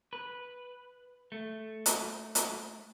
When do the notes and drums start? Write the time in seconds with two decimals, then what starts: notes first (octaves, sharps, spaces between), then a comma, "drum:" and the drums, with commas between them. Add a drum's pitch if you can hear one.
0.13 B4
1.32 A3
1.86 drum: hi-hat
2.35 drum: hi-hat